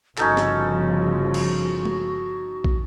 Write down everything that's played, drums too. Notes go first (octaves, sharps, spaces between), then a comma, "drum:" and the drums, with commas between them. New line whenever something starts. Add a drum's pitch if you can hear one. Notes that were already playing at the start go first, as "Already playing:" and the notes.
G1 C#3 F3 C#4 D#4 F#4 A4, drum: clap
drum: snare
drum: cymbal
drum: tom G#3
drum: kick